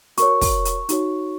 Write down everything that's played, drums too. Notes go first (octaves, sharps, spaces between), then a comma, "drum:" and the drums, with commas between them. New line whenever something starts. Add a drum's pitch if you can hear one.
F#4 A#4 C#5 C#6, drum: hi-hat
drum: kick, open hi-hat
drum: hi-hat
D#4 F#4 C#5, drum: hi-hat